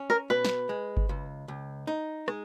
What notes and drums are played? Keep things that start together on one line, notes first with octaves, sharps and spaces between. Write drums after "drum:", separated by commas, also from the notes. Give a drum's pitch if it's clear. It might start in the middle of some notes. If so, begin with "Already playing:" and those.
Already playing: C#4
A#4
B2 B4
drum: snare
G#3
drum: kick G1
C#2
C#2
D#4
G#3, drum: rim click